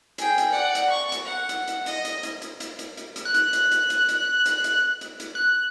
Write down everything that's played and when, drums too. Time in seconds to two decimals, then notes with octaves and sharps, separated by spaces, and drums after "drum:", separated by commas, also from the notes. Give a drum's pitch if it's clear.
0.18 G#4 G5, drum: hi-hat
0.38 drum: hi-hat
0.50 D5 F#5
0.75 drum: hi-hat
0.90 C#6
1.12 drum: hi-hat
1.25 F#5
1.49 drum: hi-hat
1.68 drum: hi-hat
1.86 D#5, drum: hi-hat
2.05 drum: hi-hat
2.23 drum: hi-hat
2.42 drum: hi-hat
2.60 drum: hi-hat
2.79 drum: hi-hat
2.97 drum: hi-hat
3.16 drum: hi-hat
3.25 F#6
3.34 drum: hi-hat
3.53 drum: hi-hat
3.72 drum: hi-hat
3.90 drum: hi-hat
4.09 drum: hi-hat
4.46 drum: hi-hat
4.64 drum: hi-hat
5.01 drum: hi-hat
5.20 drum: hi-hat
5.35 F#6